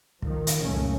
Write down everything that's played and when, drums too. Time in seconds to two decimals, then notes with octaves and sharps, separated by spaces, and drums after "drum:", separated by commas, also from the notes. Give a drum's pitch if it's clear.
0.22 D#3 F3, drum: kick
0.47 drum: hi-hat
0.62 C#2 F#2 A#2 C#3 A3 C#4